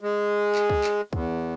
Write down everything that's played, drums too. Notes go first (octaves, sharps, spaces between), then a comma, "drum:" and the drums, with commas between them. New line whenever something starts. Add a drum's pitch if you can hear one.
G#3
drum: clap
drum: kick
drum: clap
E2, drum: kick